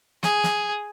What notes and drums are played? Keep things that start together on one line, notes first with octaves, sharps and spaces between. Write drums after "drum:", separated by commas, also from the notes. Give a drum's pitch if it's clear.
G#4, drum: snare
drum: snare